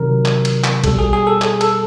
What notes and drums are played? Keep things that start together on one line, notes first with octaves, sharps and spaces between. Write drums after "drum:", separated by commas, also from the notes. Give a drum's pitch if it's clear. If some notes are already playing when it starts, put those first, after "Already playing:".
Already playing: C3 D#3 F#3 A#4
drum: clap
drum: cymbal
drum: clap
B2 G3 A4, drum: kick A#1, cymbal
G#4
G#4
A4
G#4, drum: clap
A4, drum: cymbal